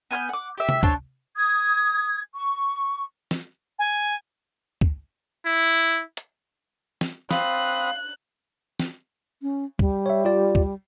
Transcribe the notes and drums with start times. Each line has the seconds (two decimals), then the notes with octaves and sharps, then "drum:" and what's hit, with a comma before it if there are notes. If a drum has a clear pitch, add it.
0.11 B3 G#5 F6 G6
0.29 F#5 D6
0.58 G4 E5
0.69 drum: tom C3
0.83 D4 C5 C#5 A5, drum: kick
1.35 D#6 G#6
2.35 C#6
3.31 drum: snare
3.79 G#5
4.81 drum: kick
5.45 E4
6.17 drum: hi-hat
7.01 drum: snare
7.31 C4 F5 B5 D#6 F#6, drum: snare
8.80 drum: snare
9.42 C#4
9.79 G3, drum: kick
10.06 C#5 E5
10.25 F4 G4 D5
10.55 drum: kick